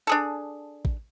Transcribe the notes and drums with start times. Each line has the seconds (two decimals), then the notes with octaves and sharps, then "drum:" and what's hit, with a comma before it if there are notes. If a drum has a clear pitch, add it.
0.07 D4 G#4 A4
0.85 drum: kick A1